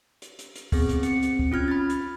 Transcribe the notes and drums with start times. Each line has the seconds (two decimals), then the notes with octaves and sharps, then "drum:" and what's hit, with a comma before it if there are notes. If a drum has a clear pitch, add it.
0.22 drum: hi-hat
0.39 drum: hi-hat
0.56 drum: hi-hat
0.72 B3 C4 G#4, drum: kick, open hi-hat
0.89 drum: hi-hat
1.03 C4 C#7, drum: hi-hat
1.23 drum: hi-hat
1.39 drum: kick
1.52 C#4 F4 F6 G#6
1.68 B5 A6
1.90 drum: hi-hat